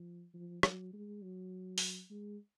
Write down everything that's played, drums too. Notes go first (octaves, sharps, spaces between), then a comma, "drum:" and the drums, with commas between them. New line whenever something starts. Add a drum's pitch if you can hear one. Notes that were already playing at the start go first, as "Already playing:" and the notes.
Already playing: F3
F3
F#3, drum: rim click
G#3
F#3
drum: open hi-hat
G#3